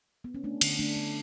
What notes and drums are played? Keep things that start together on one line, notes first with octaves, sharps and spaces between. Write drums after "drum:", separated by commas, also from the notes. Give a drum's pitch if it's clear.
B3
C#4
A3 D4
D3, drum: cymbal
A3 D4
A3